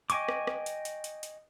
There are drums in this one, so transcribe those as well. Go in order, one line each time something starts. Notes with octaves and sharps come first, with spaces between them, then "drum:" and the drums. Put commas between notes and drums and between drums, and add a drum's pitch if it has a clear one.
D#5 G5 G#5 C#6 D6, drum: hi-hat
drum: rim click
drum: rim click
drum: hi-hat
drum: hi-hat
drum: hi-hat
drum: hi-hat